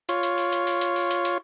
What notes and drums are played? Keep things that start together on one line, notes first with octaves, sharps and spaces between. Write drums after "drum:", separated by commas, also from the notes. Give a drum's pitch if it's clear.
F4 C#5, drum: hi-hat
drum: hi-hat
drum: open hi-hat
drum: hi-hat
drum: open hi-hat
drum: hi-hat
drum: open hi-hat
drum: hi-hat
drum: hi-hat